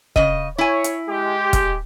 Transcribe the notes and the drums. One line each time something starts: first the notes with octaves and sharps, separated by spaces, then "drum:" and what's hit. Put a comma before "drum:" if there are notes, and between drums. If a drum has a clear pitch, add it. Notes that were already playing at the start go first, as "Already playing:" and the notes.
C#3 D#5, drum: kick E1
E4 C#5 G#5
drum: hi-hat
G#3 G4
drum: kick E1, hi-hat